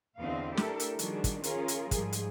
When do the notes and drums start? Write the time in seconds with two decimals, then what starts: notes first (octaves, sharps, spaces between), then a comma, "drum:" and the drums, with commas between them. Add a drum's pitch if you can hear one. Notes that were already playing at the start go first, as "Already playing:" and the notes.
0.19 E2 D3 C4 D4 D#5 F5
0.57 A3 D4 E4 G4 A4 A#4, drum: snare
0.80 drum: hi-hat
0.99 D#3 F3 G3 D4 F#4 G#4, drum: hi-hat
1.24 drum: kick, hi-hat
1.44 C#4 F4 G#4 A#4, drum: hi-hat
1.68 drum: hi-hat
1.91 G#2 F3 G3 G#4, drum: kick, hi-hat
2.12 drum: hi-hat